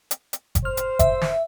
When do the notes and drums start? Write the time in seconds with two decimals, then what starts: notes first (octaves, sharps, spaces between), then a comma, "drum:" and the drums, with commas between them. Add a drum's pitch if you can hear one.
0.11 drum: hi-hat
0.33 drum: hi-hat
0.55 drum: kick F#1, hi-hat
0.65 C5 F6
0.77 drum: hi-hat
0.99 E5, drum: kick F#1, hi-hat
1.21 drum: snare